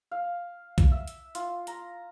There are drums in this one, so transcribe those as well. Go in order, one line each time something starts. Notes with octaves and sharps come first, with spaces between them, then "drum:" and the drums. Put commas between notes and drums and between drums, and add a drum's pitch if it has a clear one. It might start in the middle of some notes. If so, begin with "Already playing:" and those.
F5
drum: kick B1, hi-hat
E5
drum: hi-hat
F4, drum: hi-hat
A#5, drum: hi-hat